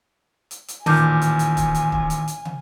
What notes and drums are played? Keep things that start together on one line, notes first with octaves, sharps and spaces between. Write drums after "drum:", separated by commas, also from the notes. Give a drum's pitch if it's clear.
drum: hi-hat
drum: hi-hat
A1 A#2 D#3 G#5 A5 D6 F6 G6, drum: snare
drum: hi-hat
drum: hi-hat
drum: kick, hi-hat
drum: hi-hat
drum: kick
drum: hi-hat
drum: hi-hat
drum: tom